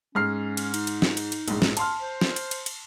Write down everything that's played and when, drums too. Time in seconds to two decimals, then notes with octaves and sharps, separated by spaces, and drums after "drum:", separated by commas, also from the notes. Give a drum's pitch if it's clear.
0.15 G#2 C#4 F6 C7
0.57 drum: cymbal
0.74 D#4, drum: cymbal
0.87 drum: cymbal
1.02 drum: snare
1.17 drum: cymbal
1.32 drum: cymbal
1.48 A#1 G#2, drum: cymbal
1.62 drum: snare
1.77 A5 C6 F6, drum: cymbal
2.00 C5
2.21 drum: snare
2.36 drum: cymbal
2.51 drum: cymbal
2.66 drum: cymbal